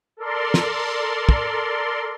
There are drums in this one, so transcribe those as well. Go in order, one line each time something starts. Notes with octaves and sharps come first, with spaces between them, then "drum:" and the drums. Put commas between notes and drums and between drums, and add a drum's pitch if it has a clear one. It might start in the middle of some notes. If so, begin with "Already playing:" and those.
A4 A#4 D5 C6
drum: snare
drum: kick